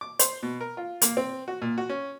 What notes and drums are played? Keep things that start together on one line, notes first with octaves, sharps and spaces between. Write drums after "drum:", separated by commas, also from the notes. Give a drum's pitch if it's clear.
D6
C5, drum: hi-hat
B2
A#4
F4
A#3, drum: hi-hat
C4
F#4
A#2
F#4
C#4